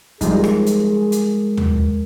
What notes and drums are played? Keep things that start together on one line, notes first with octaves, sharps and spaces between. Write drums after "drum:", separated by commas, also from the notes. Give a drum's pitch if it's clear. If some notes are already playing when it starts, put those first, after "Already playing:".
F3 G3 G#3 D#4 G#4 A#4, drum: kick, hi-hat
drum: rim click
drum: hi-hat
drum: hi-hat
drum: tom D#2